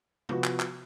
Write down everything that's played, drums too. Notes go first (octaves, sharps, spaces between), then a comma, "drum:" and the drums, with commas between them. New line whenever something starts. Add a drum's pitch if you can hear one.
F3 B3 F#4, drum: tom C3
drum: clap
drum: clap